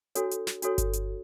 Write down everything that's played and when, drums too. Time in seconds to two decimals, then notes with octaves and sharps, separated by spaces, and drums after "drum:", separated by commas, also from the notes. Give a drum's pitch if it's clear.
0.15 D4 F#4 A4 C#5, drum: hi-hat
0.31 drum: hi-hat
0.47 drum: snare
0.62 D4 F#4 A4 C#5, drum: hi-hat
0.78 drum: kick G1, hi-hat
0.93 drum: hi-hat